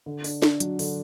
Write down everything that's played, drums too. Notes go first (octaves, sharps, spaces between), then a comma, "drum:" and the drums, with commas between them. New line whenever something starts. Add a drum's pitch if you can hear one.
D3
D4, drum: open hi-hat
D4, drum: snare D4
F#3, drum: hi-hat
D3, drum: open hi-hat